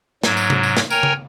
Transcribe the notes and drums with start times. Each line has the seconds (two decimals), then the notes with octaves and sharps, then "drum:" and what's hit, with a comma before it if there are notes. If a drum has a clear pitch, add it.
0.23 G#2 F#3, drum: snare
0.37 drum: tambourine
0.50 drum: tom C3
0.63 drum: tambourine
0.77 drum: snare
0.90 A#4 C#5 G5 G#5 A#5, drum: tambourine
1.03 drum: tom C#3